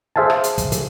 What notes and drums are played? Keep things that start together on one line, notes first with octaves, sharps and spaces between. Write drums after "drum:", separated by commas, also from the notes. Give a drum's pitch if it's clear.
G#4 C5 E5 F5 G#5 A5
drum: rim click
drum: hi-hat
drum: kick, hi-hat
drum: hi-hat